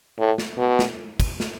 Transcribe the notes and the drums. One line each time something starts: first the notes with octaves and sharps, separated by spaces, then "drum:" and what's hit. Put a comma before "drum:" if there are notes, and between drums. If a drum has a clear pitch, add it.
A2
drum: snare
B2
drum: snare
drum: kick, cymbal
drum: snare